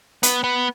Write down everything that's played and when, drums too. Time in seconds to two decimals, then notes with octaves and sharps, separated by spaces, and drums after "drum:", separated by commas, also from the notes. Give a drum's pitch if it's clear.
0.23 B3, drum: hi-hat
0.44 B3